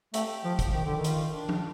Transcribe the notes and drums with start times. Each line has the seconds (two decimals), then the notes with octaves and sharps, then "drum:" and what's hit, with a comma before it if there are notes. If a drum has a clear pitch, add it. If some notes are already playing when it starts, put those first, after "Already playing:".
0.14 A3 G4, drum: hi-hat
0.44 F3
0.59 drum: kick, hi-hat
0.73 D#3
0.85 D3
0.97 D#3
1.04 F4, drum: hi-hat
1.34 D4
1.49 drum: tom F3